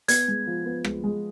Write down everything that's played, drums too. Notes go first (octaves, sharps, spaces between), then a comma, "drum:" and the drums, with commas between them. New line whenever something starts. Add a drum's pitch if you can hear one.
B3 G#6, drum: hi-hat
G#3
F3
B3
G#3, drum: rim click
G#3